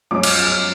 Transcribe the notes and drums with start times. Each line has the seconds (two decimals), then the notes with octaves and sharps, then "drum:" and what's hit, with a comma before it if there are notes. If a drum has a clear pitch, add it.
0.11 F#2 F3 G#3 C#4 D6
0.23 F6, drum: cymbal
0.35 F6
0.47 F6